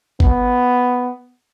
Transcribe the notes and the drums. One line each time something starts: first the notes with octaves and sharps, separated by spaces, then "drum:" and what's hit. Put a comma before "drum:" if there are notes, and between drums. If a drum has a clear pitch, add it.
B3, drum: kick G#1